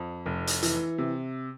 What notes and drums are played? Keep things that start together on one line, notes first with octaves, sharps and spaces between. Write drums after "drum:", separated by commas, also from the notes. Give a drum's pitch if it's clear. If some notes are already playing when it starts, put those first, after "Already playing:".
Already playing: F2
F1
drum: hi-hat
E3, drum: hi-hat
C3